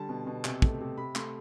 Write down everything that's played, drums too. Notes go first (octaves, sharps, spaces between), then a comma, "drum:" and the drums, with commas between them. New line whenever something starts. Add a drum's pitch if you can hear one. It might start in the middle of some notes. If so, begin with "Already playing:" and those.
Already playing: D3 G3 A5
B2
B2
C3, drum: clap
A3, drum: kick
C3
C3 B5
A3 C6, drum: clap